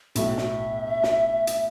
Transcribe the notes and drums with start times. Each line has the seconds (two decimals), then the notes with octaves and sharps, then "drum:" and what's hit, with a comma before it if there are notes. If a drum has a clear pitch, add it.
0.15 B1 A2 F#3 E5, drum: hi-hat
0.37 drum: snare
1.03 drum: snare
1.47 drum: hi-hat